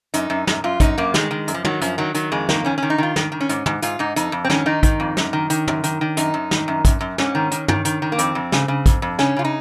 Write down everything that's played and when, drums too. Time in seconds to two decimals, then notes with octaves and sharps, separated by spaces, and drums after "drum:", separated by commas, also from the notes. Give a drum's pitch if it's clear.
0.14 F#2 D#4, drum: hi-hat
0.30 F#2
0.47 F#2, drum: snare
0.64 F#2 F4
0.80 F#2 D#4, drum: kick, hi-hat
0.98 F#2 A#3
1.14 D#3 G#3, drum: snare
1.31 D#3
1.48 F#2, drum: hi-hat
1.54 F3
1.65 D#3 F#3, drum: tom
1.81 F#2 F3, drum: hi-hat
1.98 D#3 F#3
2.14 D#3 F#3, drum: hi-hat
2.32 F2 G#3
2.49 D#3 A#3, drum: snare
2.65 D#3 C#4
2.78 D#3 C#4
2.90 D#4
2.98 D#3 F4
3.16 D#3, drum: snare
3.32 D#3
3.41 C#4
3.49 G#2, drum: hi-hat
3.66 G#2, drum: tom
3.82 G#2 F4, drum: hi-hat
3.99 G#2 D#4
4.16 F2 D#4, drum: hi-hat
4.32 F2
4.45 C4
4.50 D#3 C#4, drum: snare
4.66 D#3 D#4
4.83 D#3, drum: kick, hi-hat
5.00 F2
5.17 F#2, drum: snare
5.33 D#3
5.50 D#3, drum: hi-hat
5.68 F#2, drum: tom
5.84 D#3, drum: hi-hat
6.01 D#3
6.17 F#2 D#4, drum: hi-hat
6.34 F#2
6.51 D#3, drum: snare
6.68 F#2
6.85 F#2, drum: kick, hi-hat
7.01 F#2
7.18 G#2 C#4, drum: snare
7.35 D#3
7.51 D#3, drum: hi-hat
7.68 D#3, drum: tom
7.85 D#3, drum: hi-hat
8.02 D#3
8.12 A#3
8.18 F2 C4, drum: hi-hat
8.35 F2
8.52 C#3, drum: snare
8.68 C#3
8.86 F2, drum: kick, hi-hat
9.02 F2
9.19 C#3 C#4, drum: snare
9.36 C#3 F4
9.45 D#4